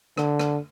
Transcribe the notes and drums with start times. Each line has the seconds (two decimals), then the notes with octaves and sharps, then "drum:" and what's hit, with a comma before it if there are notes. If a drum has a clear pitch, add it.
0.17 D3, drum: rim click
0.39 drum: rim click